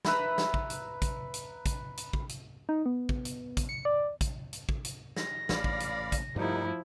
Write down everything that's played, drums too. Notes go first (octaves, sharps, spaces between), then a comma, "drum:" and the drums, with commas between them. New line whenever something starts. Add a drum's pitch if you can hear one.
B4 E5 A#5 B5, drum: snare
drum: snare
drum: kick
drum: hi-hat
drum: kick, hi-hat
drum: hi-hat
drum: kick, hi-hat
drum: hi-hat
drum: kick
drum: hi-hat
D#4
B3
drum: kick
drum: hi-hat
drum: kick, hi-hat
C#7
D5
drum: kick, hi-hat
drum: hi-hat
drum: kick
drum: hi-hat
A#6, drum: snare
A1 D5 F5 B5, drum: snare
drum: kick
drum: hi-hat
drum: kick, hi-hat
G2 F3 G3 A3 A#3 D#4 E4